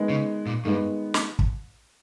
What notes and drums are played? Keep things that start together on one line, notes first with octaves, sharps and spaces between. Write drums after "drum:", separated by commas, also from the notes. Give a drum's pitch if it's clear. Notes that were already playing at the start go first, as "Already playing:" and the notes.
Already playing: D#3 G#3 B3
C#3
A#2
G2 D#3 G#3 B3
drum: snare
drum: kick